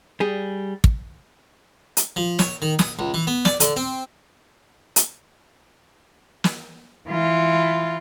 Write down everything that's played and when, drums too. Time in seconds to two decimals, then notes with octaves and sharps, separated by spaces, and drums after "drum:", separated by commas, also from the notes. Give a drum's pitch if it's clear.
0.20 G3 G#4
0.84 drum: kick
1.97 drum: hi-hat
2.16 F3
2.39 C#5, drum: snare
2.62 D#3
2.79 D#6, drum: snare
2.99 C#2
3.14 E3
3.27 B3
3.45 D5, drum: snare
3.60 D3, drum: hi-hat
3.76 C4
4.96 drum: hi-hat
6.44 drum: snare
7.08 E3 F4